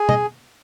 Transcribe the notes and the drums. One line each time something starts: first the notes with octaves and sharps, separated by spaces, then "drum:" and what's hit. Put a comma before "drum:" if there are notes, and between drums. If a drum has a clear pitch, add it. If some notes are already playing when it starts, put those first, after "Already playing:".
Already playing: G#4
D#5, drum: tom